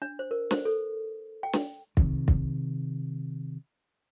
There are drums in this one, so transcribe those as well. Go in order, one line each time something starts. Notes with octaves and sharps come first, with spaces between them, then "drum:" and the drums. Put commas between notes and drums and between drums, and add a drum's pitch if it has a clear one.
D4
C5
A#4
C5, drum: snare
A4
G5
drum: snare
C3 D#3, drum: kick
drum: kick